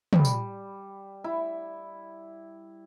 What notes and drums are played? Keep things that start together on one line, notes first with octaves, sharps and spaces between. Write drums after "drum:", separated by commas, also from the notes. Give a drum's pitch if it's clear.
G3, drum: tom
drum: tambourine
E4